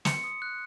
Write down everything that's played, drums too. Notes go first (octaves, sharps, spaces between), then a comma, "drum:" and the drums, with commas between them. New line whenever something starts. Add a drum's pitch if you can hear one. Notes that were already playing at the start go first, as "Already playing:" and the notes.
C6 C#7, drum: snare
D#6
F#6